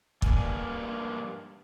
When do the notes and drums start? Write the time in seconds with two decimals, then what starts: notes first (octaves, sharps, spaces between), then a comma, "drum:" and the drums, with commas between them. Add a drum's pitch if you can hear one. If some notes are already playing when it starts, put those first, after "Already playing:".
0.22 G2 G3 A#3 D4 G#5, drum: kick